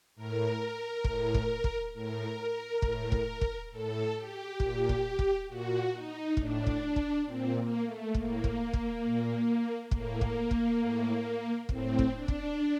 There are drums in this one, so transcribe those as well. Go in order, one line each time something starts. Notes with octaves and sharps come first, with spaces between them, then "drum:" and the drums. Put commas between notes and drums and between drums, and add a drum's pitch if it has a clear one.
A2 A#4
A2, drum: kick
drum: kick
drum: kick
A2 A#4
A2, drum: kick
drum: kick
drum: kick
A2 A4
G4
A#2, drum: kick
drum: kick
drum: kick
A#2 F#4
D#4
A2 D4, drum: kick
drum: kick
drum: kick
A#2 C4
A#3
A3
A2 A#3, drum: kick
drum: kick
drum: kick
A#2
A2 A#3, drum: kick
drum: kick
drum: kick
A2
A2 C4, drum: kick
drum: kick
D4
drum: kick